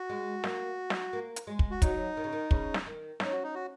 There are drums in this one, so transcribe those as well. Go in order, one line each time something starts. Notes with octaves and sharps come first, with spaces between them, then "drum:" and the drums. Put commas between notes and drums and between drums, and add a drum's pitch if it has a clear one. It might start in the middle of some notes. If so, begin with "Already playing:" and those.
Already playing: F#4
G#3
A#3, drum: snare
drum: snare
A#3
drum: hi-hat
G#3
drum: kick
F#4
F#3 D#4, drum: kick, hi-hat
D#3
C#3
D#3
C#3, drum: kick
drum: snare
D#3
C#4 D#4, drum: snare
F#4
D#4
F#4